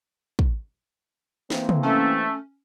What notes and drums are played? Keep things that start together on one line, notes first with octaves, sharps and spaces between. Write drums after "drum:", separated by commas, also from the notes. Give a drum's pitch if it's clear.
drum: kick
E3 A#3 C4, drum: snare
drum: tom
A3 C#4